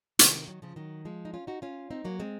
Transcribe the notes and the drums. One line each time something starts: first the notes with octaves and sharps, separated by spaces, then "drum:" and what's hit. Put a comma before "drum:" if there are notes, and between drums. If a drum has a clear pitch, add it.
C3 D#3, drum: hi-hat
D#3 F#3
C#3 F3
D#3 F#3
F3 G#3
D#4
C#4 F4
D#4 F#4
C#4 F4
C4 D#4
F#3 A#3
G#3 C4